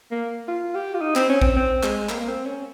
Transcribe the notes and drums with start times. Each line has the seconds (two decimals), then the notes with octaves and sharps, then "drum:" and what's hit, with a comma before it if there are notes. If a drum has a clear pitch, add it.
0.11 A#3
0.48 F4
0.75 G4
0.94 F4
1.01 D#4
1.16 C4, drum: clap
1.29 C#4
1.42 C4, drum: kick A#1
1.56 C4
1.83 G#3, drum: clap
2.09 A#3, drum: clap
2.19 A#3
2.28 C4
2.45 C#4